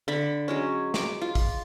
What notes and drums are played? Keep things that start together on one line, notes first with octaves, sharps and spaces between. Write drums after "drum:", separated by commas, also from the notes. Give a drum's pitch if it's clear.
D3 B5
F#3 G#3 C#4
D6, drum: snare
F4
drum: kick, open hi-hat